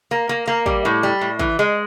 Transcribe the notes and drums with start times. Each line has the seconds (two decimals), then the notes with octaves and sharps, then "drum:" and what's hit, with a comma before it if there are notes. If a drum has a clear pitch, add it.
0.11 A#3
0.29 A#3
0.48 A#3
0.66 G3, drum: kick
0.85 A2
1.03 G3
1.21 A2
1.39 E3, drum: kick
1.59 G#3